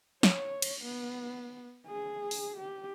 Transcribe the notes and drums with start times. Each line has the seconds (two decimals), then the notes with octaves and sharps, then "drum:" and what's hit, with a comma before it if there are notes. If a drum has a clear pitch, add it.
0.23 C#5, drum: snare
0.62 drum: cymbal
0.81 B3
1.87 G#4
2.31 drum: open hi-hat
2.57 G4